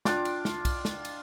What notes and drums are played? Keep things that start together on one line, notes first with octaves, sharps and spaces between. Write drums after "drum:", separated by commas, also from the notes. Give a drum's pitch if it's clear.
D4 F4 G5 D6, drum: snare
drum: cymbal
drum: snare
drum: kick B1, cymbal
drum: snare
drum: cymbal